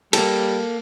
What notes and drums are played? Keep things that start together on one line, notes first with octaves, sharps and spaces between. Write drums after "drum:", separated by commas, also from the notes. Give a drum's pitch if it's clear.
G3 A#3 A4, drum: cymbal